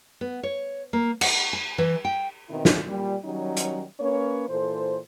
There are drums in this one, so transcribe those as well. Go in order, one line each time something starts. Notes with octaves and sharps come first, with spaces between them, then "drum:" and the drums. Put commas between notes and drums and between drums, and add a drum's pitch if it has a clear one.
B3
C#5
A#3
F#5, drum: cymbal
G#5
E3
G5
B2 D#3 C4 E4
drum: snare
A#2 G3
D#3 F#3 G3 C#4 D#4
drum: hi-hat
A#3 C#4 B4 C#5
A#2 E3 A4 C5